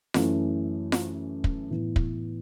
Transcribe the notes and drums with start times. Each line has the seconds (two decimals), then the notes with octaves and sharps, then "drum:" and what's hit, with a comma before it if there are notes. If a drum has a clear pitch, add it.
0.14 F#2 E3 A3 C#4, drum: snare F4
0.92 drum: snare F4
1.44 drum: kick
1.70 A2 E3 B3
1.96 drum: kick